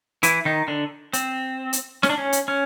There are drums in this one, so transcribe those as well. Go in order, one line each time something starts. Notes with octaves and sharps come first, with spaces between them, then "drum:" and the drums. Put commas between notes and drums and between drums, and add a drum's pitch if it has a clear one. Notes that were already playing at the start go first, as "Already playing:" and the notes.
E3 E4, drum: hi-hat
D#3 D#4
D3 D4
C4, drum: hi-hat
drum: hi-hat
C#4, drum: snare
D4
C#4
drum: hi-hat
C#4